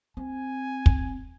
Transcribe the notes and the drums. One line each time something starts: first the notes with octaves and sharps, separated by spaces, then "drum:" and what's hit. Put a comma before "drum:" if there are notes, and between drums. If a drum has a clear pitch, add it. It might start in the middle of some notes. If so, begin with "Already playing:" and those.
C4 G#5
drum: kick